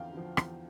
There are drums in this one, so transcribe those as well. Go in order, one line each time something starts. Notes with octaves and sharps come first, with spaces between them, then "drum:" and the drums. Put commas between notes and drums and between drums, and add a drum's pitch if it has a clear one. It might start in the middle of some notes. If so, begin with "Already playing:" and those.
Already playing: E2 D3 F3 F5 G5
D3 F3
E2, drum: rim click